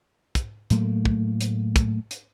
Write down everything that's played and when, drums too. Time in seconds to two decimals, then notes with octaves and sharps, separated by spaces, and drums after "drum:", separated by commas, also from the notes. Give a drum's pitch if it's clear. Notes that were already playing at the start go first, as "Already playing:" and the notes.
0.35 drum: kick, hi-hat
0.70 A2 F#3 A3 A#3, drum: hi-hat
1.05 drum: kick
1.41 drum: hi-hat
1.76 drum: kick, hi-hat
2.11 drum: hi-hat